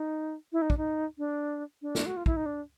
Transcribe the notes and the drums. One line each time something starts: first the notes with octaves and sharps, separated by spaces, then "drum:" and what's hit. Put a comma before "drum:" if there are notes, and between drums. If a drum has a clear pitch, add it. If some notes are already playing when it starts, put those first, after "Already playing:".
Already playing: D#4
E4
D#4
D4, drum: kick
D#4
D4
D4
drum: snare
F#4
F4
E4, drum: kick
D#4
D4